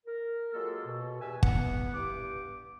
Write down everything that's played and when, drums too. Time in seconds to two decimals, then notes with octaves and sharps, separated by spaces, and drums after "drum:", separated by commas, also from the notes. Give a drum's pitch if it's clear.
0.06 A#4
0.53 F#3 G#3 A#3 F4 A4
0.87 B2
1.22 E2 G3 B4 E5 G#5
1.43 E3 B3 B4 F#5, drum: kick
1.94 G2 G4 D6